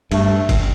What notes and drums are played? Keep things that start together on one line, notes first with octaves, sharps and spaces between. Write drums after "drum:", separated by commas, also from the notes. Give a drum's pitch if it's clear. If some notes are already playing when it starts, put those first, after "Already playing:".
G2 A3, drum: cymbal
drum: kick F#1, cymbal